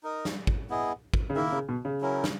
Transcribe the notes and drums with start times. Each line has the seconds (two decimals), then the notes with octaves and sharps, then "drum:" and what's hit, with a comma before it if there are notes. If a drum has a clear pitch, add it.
0.03 D#4 A#4 D#5
0.25 drum: snare
0.47 drum: kick
0.70 B3 E4 G#4 D#5
1.14 drum: kick
1.30 C#3
1.35 D#3 A#3 E4 A#4 E5
1.52 C#3
1.69 B2
1.85 C#3
2.01 F#3 C#4 E4 A#4
2.24 drum: snare